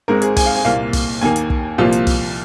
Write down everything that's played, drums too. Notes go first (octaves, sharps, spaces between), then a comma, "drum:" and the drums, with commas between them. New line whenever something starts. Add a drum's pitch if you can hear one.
G#1 G#2 G#3 C4 A#4
G#4, drum: hi-hat
G#5, drum: kick, open hi-hat
F5
G#5
C2 A#2 A#3 F5
drum: kick, open hi-hat
D#2 D#3 A#3 G#5
drum: hi-hat
drum: kick
C2 A#2 F3 A#3 F4
drum: hi-hat
drum: kick, open hi-hat